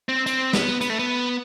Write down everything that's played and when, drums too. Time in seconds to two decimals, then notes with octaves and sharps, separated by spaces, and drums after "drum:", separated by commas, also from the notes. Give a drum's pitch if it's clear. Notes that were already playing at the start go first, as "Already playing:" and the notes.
0.09 C4
0.26 C4, drum: hi-hat
0.53 B3, drum: snare
0.81 B3, drum: hi-hat
0.90 A3
0.99 B3